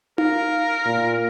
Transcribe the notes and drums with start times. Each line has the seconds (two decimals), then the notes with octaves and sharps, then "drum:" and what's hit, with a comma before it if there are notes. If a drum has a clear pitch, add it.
0.18 A#4 F5, drum: tom D#4
0.85 A#2